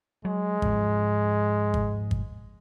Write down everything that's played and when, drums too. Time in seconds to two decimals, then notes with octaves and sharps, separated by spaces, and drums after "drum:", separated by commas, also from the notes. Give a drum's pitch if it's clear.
0.25 F#3 G#3
0.62 G#2 F3, drum: kick G1
1.74 drum: kick G1
2.11 drum: kick G1